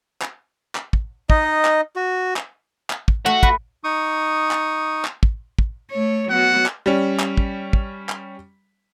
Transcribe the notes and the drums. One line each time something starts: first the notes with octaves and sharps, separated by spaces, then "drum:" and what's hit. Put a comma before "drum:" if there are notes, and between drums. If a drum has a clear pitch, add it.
drum: clap
drum: clap
drum: kick
D#4 D#5, drum: kick
drum: clap
F#4
drum: clap
drum: clap
drum: kick
A3 F#4
B4, drum: kick
D#4 C#6 D#6
drum: clap
drum: clap
drum: kick
drum: kick
A3 C#5
F#3 B3 F#4 F#5
drum: clap
G3 C#4
drum: clap
drum: kick
drum: kick
drum: clap